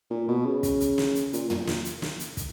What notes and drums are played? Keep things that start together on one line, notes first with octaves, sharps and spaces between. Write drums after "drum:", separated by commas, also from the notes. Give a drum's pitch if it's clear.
A#2
B2
C#3
drum: kick, hi-hat
drum: hi-hat
drum: snare
drum: hi-hat
A#2, drum: hi-hat
A#2, drum: tom
drum: snare
drum: hi-hat
drum: snare
drum: hi-hat
drum: kick, hi-hat